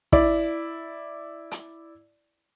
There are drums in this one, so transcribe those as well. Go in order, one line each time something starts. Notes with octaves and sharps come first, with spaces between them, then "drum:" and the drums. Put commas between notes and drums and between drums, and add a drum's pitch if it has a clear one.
E4 D5, drum: kick
drum: hi-hat